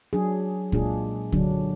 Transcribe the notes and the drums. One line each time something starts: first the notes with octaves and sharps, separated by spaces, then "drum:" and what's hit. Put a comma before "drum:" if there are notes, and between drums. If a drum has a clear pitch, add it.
F#3 D4 G#4
A#2 G#3 D4 F4 G#4, drum: kick
D3 F#3 D4, drum: kick